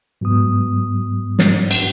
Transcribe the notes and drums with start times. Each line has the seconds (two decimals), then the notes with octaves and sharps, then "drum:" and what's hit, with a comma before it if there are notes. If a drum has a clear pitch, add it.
0.21 G#2 F#3 B3 D#6
1.39 drum: snare
1.71 drum: cymbal